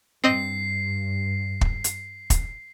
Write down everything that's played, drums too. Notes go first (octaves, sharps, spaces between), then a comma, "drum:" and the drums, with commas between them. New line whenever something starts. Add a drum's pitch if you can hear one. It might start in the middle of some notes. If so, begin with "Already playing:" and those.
G2 C4 D#5 C7
drum: kick
drum: hi-hat
drum: kick, hi-hat